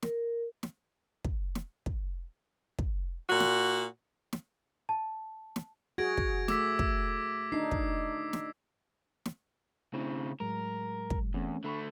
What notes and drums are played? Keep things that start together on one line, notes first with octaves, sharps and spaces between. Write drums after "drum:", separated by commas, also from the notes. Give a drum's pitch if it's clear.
A#4, drum: snare
drum: snare
drum: kick
drum: snare
drum: kick
drum: kick
A#2 F#4
drum: snare
drum: snare
A5
drum: snare
F#4 G#4 G#6 A#6 D7
drum: kick
A3 D6 E6 B6, drum: snare
drum: kick
D4 D#4 C7
drum: kick
drum: snare
drum: snare
C#3 A3 C4 D4 E4
A2 F#3 G#3 A#4
drum: kick
E2 A3 C4 C#4
D3 A3 D4 B5 C#6